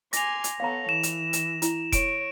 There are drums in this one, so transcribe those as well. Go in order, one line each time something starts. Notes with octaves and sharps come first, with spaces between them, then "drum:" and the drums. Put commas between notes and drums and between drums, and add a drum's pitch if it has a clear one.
G#5 C6 D6 A#6 F7, drum: hi-hat
drum: hi-hat
B3 A4 C#5 F5 A#5
E3 E7
drum: hi-hat
drum: hi-hat
E4, drum: hi-hat
C#5 D7, drum: kick E1, hi-hat